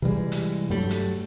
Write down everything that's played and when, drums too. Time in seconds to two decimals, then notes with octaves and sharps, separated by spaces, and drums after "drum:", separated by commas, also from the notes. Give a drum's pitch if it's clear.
0.02 C3 E3 G3 G#3
0.32 drum: hi-hat
0.70 G2 F#3 G3 A3
0.91 drum: hi-hat